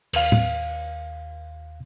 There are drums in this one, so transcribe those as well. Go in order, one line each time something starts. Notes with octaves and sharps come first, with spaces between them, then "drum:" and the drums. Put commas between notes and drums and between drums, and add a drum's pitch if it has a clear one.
D#2 F5, drum: cymbal
drum: tom A2